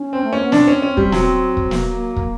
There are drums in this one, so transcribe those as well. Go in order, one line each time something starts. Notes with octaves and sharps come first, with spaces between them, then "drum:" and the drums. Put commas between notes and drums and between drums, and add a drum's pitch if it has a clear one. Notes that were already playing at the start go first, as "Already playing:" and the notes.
Already playing: C#4
C4
A3
A#3 C#4
B3
C4 D4, drum: snare
C#4
C#4
G3, drum: kick
F#3, drum: snare
drum: kick
A#3, drum: snare
drum: kick